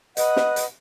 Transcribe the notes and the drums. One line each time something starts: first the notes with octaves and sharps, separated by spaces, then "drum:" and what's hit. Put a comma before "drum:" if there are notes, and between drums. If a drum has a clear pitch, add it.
B4 D#5 F#5, drum: hi-hat
drum: snare
drum: hi-hat